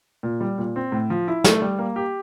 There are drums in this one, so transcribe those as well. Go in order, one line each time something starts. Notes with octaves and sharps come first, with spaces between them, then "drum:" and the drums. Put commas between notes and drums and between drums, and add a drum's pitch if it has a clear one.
A#2
G3
A#2
C4
A2
F3
E4
A3, drum: snare
G3
A#3
G4